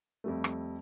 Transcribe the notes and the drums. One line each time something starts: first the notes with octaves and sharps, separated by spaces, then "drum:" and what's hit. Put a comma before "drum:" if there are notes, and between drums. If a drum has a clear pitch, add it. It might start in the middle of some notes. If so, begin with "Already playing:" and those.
F2 G3 A3
drum: rim click